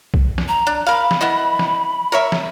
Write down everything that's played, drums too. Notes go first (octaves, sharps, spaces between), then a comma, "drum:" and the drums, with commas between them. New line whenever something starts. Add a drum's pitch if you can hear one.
drum: kick
drum: snare
A#5
D4
A#4 F5 B5
drum: snare
B3 E4 D#5
drum: snare
A#4 C#5 E5
drum: snare